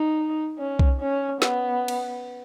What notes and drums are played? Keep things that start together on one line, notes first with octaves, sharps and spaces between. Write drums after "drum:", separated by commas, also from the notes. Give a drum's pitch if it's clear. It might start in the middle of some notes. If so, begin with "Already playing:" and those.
Already playing: D#4
C#4
drum: kick C2
C#4
B3, drum: snare
drum: cymbal